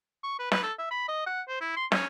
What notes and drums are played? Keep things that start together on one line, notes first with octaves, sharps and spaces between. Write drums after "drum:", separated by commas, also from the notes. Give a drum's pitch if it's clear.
C#6
B4
B4, drum: snare
A4
E5
B5
D#5
F#5
C5
E4
C6
C#4, drum: snare